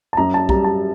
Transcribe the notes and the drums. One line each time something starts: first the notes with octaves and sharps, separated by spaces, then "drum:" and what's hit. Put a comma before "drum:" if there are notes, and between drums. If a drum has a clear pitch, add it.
A5
F#2 A#5
A5
G3 A#5, drum: kick
A5